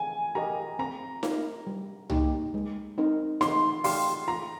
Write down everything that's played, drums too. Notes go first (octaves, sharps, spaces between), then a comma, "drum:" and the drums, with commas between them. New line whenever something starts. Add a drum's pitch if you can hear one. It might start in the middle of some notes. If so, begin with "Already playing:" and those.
Already playing: G#5
G4 A#4 D#5 A#5
C4 A#5
F4 A#4 F5, drum: snare D#4
G3
A#3 D#4 G4, drum: tom C2
G#3
C4 D#4 A#4
D#4 C6, drum: snare D#4
G4 D5 F5 C6, drum: open hi-hat
F4 A#5